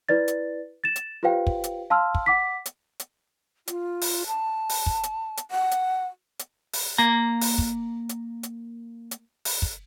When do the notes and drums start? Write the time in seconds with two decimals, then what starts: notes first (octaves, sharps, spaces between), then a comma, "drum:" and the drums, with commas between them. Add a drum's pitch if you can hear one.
0.09 E4 B4 D5 A6
0.28 drum: hi-hat
0.84 A6 E7
0.96 drum: hi-hat
1.23 F4 G4 B4 C5 F5 G5
1.47 drum: kick
1.64 drum: hi-hat
1.90 F5 A5 C6 E6 F6
2.15 drum: kick
2.26 F#5 D6 B6
2.66 drum: hi-hat
3.00 drum: hi-hat
3.67 F4, drum: hi-hat
4.01 drum: open hi-hat
4.27 A5
4.69 drum: open hi-hat
4.86 drum: kick
5.03 drum: hi-hat
5.37 drum: hi-hat
5.51 F#5
5.71 drum: hi-hat
6.39 drum: hi-hat
6.73 drum: open hi-hat
6.98 A#3 A#5
7.41 drum: open hi-hat
7.58 drum: kick
8.09 drum: hi-hat
8.43 drum: hi-hat
9.11 drum: hi-hat
9.45 drum: open hi-hat
9.62 drum: kick